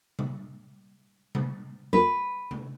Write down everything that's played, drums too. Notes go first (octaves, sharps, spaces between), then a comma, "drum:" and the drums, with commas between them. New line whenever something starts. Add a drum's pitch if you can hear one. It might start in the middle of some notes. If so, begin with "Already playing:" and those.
drum: tom C3
drum: tom C3
B4
drum: tom C3